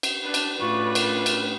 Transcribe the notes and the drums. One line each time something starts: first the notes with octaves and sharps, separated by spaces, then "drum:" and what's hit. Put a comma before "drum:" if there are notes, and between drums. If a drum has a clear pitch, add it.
drum: cymbal
D4 B4
drum: cymbal
A2 C#4 F4 B4 D5 C#6
A#4, drum: cymbal
drum: cymbal